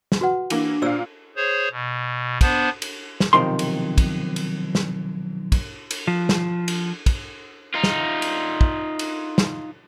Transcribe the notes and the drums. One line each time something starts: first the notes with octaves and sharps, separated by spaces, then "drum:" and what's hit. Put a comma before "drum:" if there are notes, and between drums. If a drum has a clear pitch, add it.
drum: snare
F#4 B4 F#5
E3 A#3 D4, drum: cymbal
A#2 C5 D5 F5 E6
G#4 C5 C#5
B2
B3 D4 C5, drum: kick, cymbal
drum: cymbal
drum: snare
B1 E2 C3 D#3 F3 C6
drum: cymbal
drum: kick, cymbal
drum: cymbal
drum: snare
drum: kick, cymbal
drum: cymbal
F3
drum: snare
drum: cymbal
drum: kick, cymbal
D#4 F4
drum: snare
drum: cymbal
drum: kick
drum: cymbal
drum: snare